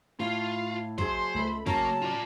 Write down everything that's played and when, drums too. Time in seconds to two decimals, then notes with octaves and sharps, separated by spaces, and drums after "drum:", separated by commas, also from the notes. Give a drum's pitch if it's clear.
0.20 A2 F4 F5
0.98 F#3 G#4 C5 C6, drum: kick
1.35 C#2 A3 B5
1.66 C#3 F#3 A#3 C#4 A5 A#5, drum: kick
2.02 F4 D5